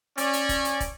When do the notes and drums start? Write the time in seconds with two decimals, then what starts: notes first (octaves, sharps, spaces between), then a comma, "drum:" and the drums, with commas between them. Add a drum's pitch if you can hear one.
0.18 C#4 D5, drum: hi-hat
0.33 drum: hi-hat
0.49 drum: kick, hi-hat
0.65 drum: hi-hat
0.80 drum: kick, hi-hat